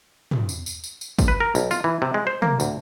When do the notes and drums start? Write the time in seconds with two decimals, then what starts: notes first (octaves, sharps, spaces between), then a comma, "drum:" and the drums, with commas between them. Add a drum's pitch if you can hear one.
0.31 drum: tom
0.49 drum: tambourine
0.66 drum: tambourine
0.84 drum: tambourine
1.01 drum: tambourine
1.19 drum: kick, tambourine
1.28 B4
1.40 A#4
1.55 B1, drum: tambourine
1.71 F4, drum: tambourine
1.84 E3
2.02 C3
2.14 G#3
2.27 C5
2.42 A#3, drum: tom
2.60 D2, drum: tambourine